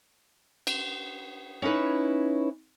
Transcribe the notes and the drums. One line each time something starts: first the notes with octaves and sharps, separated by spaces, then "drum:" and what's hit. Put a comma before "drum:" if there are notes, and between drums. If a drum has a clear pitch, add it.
drum: cymbal
C#4 D#4 E4 B4 C#5